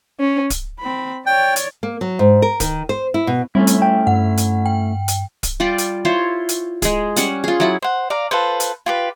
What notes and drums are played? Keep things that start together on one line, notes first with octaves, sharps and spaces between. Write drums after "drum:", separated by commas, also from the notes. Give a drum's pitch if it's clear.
C#4
drum: kick D1, hi-hat
C4 B5
C#5 D5 G5
drum: hi-hat
A#3
F#3
G#2
A#4
D#3, drum: kick D1, hi-hat
C5
E4
B2
G3 A3 C4 C#4 E4
drum: hi-hat
G5
G2 F#5
drum: hi-hat
G5
drum: hi-hat
drum: kick D1, hi-hat
G3 F4 G4 D5
drum: hi-hat
E4 F4 C5 C#5
drum: hi-hat
G#3 G#4, drum: kick D1, hi-hat
G3 C#4 F#5, drum: hi-hat
F4 G#4
F#3 E4 F#5
C5 F#5
D5 F5 A#5
F4 A4 B4 C5
drum: hi-hat
F4 G4 B4